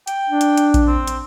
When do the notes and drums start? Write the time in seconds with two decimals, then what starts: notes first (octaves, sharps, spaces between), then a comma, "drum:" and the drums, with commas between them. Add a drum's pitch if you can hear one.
0.07 G5, drum: hi-hat
0.29 D4
0.41 drum: hi-hat
0.57 drum: hi-hat
0.74 drum: kick A#1, hi-hat
0.87 C4
1.07 drum: hi-hat